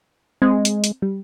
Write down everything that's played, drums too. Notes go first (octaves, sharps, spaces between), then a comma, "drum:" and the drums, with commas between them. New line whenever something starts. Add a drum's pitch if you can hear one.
G#3 C4
drum: hi-hat
drum: hi-hat
G3